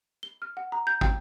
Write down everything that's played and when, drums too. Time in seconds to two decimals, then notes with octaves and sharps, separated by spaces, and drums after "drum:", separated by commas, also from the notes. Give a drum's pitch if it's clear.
0.23 G7
0.42 F6
0.57 F#5
0.72 A#5
0.87 G6
1.01 G5, drum: kick